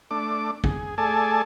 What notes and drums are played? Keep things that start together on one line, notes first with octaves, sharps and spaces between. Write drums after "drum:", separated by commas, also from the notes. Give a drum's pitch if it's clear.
A3 D4 D6
G#4, drum: kick
A3 G#4 A4 D5 G#5 A5